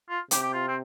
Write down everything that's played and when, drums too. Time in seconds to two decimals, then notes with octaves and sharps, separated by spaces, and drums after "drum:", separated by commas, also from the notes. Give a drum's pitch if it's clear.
0.09 F4
0.31 C3 G4, drum: hi-hat
0.42 G4
0.53 F4
0.68 C4